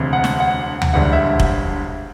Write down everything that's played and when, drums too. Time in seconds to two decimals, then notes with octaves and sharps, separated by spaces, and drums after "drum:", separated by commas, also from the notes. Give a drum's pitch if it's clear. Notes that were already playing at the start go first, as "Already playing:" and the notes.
Already playing: E1 D2 C3
0.13 F#5
0.24 drum: snare
0.40 F#5
0.82 drum: tom D2
0.93 E1 D2 D3 G3 F#5
1.12 E5
1.40 drum: kick F1